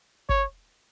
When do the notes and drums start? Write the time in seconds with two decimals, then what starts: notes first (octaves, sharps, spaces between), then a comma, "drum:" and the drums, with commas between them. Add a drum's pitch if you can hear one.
0.29 C#5, drum: kick G1